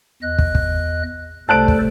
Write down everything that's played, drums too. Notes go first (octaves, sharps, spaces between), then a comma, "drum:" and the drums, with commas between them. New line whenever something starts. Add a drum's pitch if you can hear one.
E2 D#5 F#6
drum: kick
drum: kick
C2 A3 A4 C5 D5 A5 F#6 D7
drum: kick